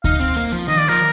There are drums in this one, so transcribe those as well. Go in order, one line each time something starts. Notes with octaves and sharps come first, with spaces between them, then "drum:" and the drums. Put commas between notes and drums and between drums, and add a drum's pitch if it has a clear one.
D#4 F5, drum: kick D2
C4
A#3
F3
D#3 D#5
D#3 D5
F3 A#4